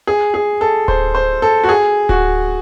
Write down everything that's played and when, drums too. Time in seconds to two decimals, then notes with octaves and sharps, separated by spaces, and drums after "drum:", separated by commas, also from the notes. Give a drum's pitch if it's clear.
0.07 G#4
0.34 G#4
0.61 A4
0.88 C5, drum: kick D1
1.15 C5
1.42 A4
1.64 F#4
1.69 G#4
2.09 F#4, drum: kick D1